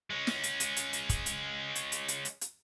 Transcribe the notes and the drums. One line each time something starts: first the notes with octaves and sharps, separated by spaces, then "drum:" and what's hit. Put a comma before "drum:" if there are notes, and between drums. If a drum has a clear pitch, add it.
G#3 C#4
drum: snare
drum: hi-hat
drum: hi-hat
drum: hi-hat
drum: hi-hat
drum: kick, hi-hat
drum: hi-hat
drum: hi-hat
drum: hi-hat
drum: hi-hat
drum: hi-hat
drum: hi-hat